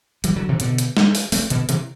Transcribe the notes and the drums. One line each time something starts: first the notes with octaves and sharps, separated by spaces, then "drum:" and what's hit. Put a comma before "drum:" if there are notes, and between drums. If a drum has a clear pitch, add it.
E3 G3, drum: hi-hat
D3 F#3
C3 E3
B2 D3, drum: hi-hat
drum: hi-hat
drum: snare
drum: open hi-hat
A3 C4, drum: open hi-hat
B2 D3, drum: hi-hat
C3 E3, drum: hi-hat